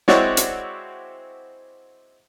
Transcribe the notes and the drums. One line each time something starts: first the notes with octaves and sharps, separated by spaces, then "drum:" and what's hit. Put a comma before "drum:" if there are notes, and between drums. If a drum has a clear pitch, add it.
G#3 C4 E4 F#4 C#5 D5, drum: snare
drum: hi-hat